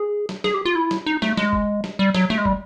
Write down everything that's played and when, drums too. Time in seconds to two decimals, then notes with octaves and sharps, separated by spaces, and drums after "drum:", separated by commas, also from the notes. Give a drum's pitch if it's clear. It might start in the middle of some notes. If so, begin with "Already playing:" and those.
Already playing: G#4
0.29 drum: snare
0.44 G#4, drum: snare
0.54 G4
0.65 F4
0.76 E4
0.91 drum: snare
1.06 D#4
1.22 A3, drum: snare
1.37 G#3, drum: snare
1.53 drum: kick
1.84 drum: snare
1.99 G3
2.14 F#3, drum: snare
2.30 A3, drum: snare
2.38 G#3
2.45 G3, drum: kick